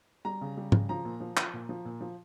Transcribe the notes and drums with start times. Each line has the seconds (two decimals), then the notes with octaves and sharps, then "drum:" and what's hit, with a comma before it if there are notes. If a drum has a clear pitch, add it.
0.25 G3 A#5
0.41 C#3
0.57 G3
0.72 C#3, drum: tom
0.89 F3 A#5
1.05 A#2
1.20 F3
1.37 F3, drum: clap
1.53 A#2
1.69 F3
1.85 A#2
2.01 F3